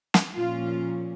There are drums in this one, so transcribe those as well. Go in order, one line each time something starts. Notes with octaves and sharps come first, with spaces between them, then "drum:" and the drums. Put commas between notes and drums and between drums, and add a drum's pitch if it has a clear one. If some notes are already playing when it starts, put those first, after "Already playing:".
drum: snare
A#2 F3 A#3 C#4 F4